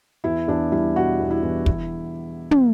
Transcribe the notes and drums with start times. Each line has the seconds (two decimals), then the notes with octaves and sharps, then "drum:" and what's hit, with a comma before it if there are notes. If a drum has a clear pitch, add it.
0.24 E2 E4
0.48 E2 D4
0.72 G3 E4
0.96 B2 F#4
1.20 E2
1.31 E4
1.43 E2
1.66 E2, drum: kick
2.51 drum: tom